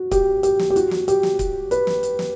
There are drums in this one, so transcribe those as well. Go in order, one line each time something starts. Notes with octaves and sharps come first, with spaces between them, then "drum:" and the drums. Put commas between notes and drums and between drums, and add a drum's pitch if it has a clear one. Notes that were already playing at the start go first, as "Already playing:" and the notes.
Already playing: F#4
G4, drum: kick C#1, hi-hat
G4, drum: hi-hat
drum: snare
G4
F#4, drum: hi-hat
drum: snare
G4, drum: hi-hat
drum: snare
drum: kick C#1, hi-hat
B4, drum: hi-hat
drum: snare
drum: hi-hat
drum: snare